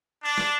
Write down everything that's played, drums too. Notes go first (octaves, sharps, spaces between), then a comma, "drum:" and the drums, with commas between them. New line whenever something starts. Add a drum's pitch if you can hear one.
D4
drum: snare